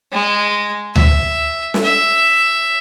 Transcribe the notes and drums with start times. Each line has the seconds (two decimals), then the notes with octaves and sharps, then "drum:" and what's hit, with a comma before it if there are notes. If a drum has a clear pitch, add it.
0.13 G#3
0.96 E5, drum: tom D2
1.74 drum: snare
1.84 E5